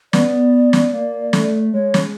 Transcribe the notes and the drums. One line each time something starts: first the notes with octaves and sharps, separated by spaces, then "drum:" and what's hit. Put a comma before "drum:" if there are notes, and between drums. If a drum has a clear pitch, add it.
B3 D5, drum: snare
drum: snare
A#3
A3, drum: snare
G#3 C#5
drum: snare